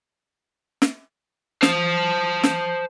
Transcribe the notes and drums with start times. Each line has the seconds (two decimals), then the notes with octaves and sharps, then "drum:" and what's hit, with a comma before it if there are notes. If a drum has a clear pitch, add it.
0.82 drum: snare
1.63 C5 A5, drum: snare
2.43 drum: snare